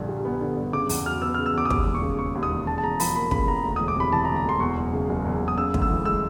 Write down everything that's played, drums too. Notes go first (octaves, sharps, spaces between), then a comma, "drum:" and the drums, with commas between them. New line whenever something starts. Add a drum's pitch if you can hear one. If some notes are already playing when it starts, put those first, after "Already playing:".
Already playing: A#1 G2 D3
G3
B3
D3
G2
C#3 D6
E2, drum: open hi-hat
F#3 F6
B3 E6
F6
C#3
E6
E2 D6
D#6
D#2 D6, drum: kick
E1
C#6
C#3
E1 C#6
D#2
D#6
E1
C#3 A5
A5
E2 A#5
F3 B5, drum: open hi-hat
A#3 B5
C#3 B5, drum: kick
E2 A#5
D2 A#5
D#6
E1
D6
C3 B5
E3 A5
A#5
D2
A#5
E1 C6
E2 C#6
F#1
C#3
F#1
E2
F#1
D#6
C#3 E6
D2, drum: kick
E6
E3
G#3 E6